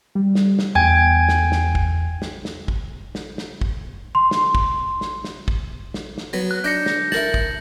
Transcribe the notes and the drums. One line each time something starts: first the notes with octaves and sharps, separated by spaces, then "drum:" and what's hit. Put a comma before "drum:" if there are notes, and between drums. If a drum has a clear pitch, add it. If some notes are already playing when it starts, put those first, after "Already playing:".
G3
drum: snare
drum: snare
E2 G5 G#5 G#6
drum: snare
drum: snare
drum: kick
drum: snare
drum: snare
drum: kick
drum: snare
drum: snare
drum: kick
C6
drum: snare
drum: kick
drum: snare
drum: snare
drum: kick
drum: snare
drum: snare
F#3 B3
F#6
D4 D#4 G6 A#6 C#7
A#6, drum: snare
E4 A#4 A5 F#7, drum: snare
drum: kick